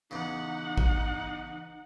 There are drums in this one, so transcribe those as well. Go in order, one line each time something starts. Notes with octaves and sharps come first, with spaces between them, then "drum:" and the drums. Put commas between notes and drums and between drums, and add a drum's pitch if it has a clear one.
E2 C#3 D#4 F#5
drum: kick A1